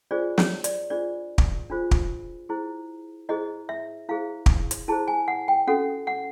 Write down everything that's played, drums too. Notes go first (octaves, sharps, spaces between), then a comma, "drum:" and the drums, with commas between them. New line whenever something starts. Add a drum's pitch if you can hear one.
D4 F4 G#4 C5 D5
C#5, drum: snare
D5, drum: hi-hat
D4 F4 G#4 C5 D5
drum: kick
D4 F4 G#4 C5
drum: kick
E4 G#4 C5
E4 G#4 C5 D#5
E5
E4 G#4 C5 F5
drum: kick
drum: hi-hat
E4 G#4 C5 A5
G#5
F#5
G5
C#4 F#4 A4 F#5
F#5